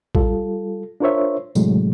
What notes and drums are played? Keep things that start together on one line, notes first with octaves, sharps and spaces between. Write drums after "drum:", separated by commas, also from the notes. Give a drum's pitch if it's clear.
G3 F4 A4, drum: kick
D4 F4 A#4 C5 C#5 E5
A2 C3 E3 F#3 G#3 A3, drum: tambourine